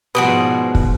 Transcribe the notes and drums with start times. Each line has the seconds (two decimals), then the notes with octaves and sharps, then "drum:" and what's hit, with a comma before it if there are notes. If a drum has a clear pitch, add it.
0.15 G#2 B2 F3 F#4 B4 D5 D#6
0.75 drum: kick